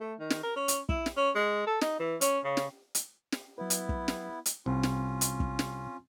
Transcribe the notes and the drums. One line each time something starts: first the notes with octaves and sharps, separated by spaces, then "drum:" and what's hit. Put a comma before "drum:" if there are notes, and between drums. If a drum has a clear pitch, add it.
A3
D#3
drum: snare
A#4
C#4
drum: hi-hat
E4, drum: kick
drum: snare
C#4
G#3
A4
D#4, drum: snare
E3
C#4, drum: hi-hat
C#3
drum: snare
drum: hi-hat
drum: snare
F#3 B3 E4 B4
drum: hi-hat
drum: kick
drum: snare
drum: hi-hat
C2 C4 C#4 F4
drum: snare
drum: hi-hat
drum: kick
drum: snare